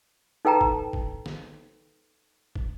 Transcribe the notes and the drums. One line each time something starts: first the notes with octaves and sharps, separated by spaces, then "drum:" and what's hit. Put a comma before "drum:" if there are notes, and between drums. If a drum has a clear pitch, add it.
D#4 A4 B4 G5 A5 A#5
drum: kick
drum: kick
drum: snare
drum: kick